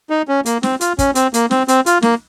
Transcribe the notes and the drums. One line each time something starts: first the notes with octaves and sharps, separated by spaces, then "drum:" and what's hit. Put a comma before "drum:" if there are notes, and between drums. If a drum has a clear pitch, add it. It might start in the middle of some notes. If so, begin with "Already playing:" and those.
D#4
C#4
A#3, drum: hi-hat
C4, drum: snare
F4, drum: hi-hat
C#4, drum: kick, hi-hat
C4, drum: hi-hat
A#3, drum: hi-hat
C4, drum: snare
C4, drum: hi-hat
F4, drum: hi-hat
A#3, drum: snare